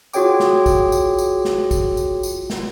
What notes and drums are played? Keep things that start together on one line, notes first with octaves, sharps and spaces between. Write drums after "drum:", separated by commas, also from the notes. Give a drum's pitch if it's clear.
F4 F#4 G#4 C#5 G5 D6, drum: tambourine
drum: snare
drum: kick, tambourine
drum: tambourine
drum: tambourine
drum: snare
drum: kick, tambourine
drum: tambourine
drum: tambourine
drum: snare